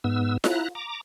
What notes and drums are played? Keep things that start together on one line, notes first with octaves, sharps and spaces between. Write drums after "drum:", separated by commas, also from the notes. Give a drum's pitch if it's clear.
G#2 B3 E6
E4 A#5 F#6, drum: snare F4
A#5 D6